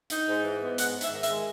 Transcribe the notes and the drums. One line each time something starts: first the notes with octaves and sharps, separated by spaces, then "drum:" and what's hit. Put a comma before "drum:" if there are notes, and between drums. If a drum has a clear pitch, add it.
D#4, drum: hi-hat
G#2
E3
B3
G#2 F#5, drum: hi-hat
G#2
E5, drum: hi-hat
D#3
E5, drum: hi-hat
G#3